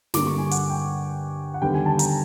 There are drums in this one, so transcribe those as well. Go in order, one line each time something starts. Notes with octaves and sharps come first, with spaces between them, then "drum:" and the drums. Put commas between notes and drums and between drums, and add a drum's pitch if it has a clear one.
G2 D3 G3 A#3 D6, drum: snare
C#6
G#5
F#5, drum: hi-hat
G5
F#5
D#2 D3 G3 B3 G5
G#5
A5
A#5, drum: hi-hat